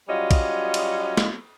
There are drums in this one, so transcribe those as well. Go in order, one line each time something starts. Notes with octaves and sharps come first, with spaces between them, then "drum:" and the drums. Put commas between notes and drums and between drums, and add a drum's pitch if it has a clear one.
F#3 G3 C#4 F4 D#5
drum: kick, cymbal
drum: cymbal
drum: snare